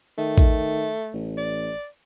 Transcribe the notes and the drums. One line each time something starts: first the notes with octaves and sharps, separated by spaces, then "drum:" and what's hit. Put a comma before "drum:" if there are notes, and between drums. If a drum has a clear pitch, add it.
D#3 A3
drum: kick A1
A1
D5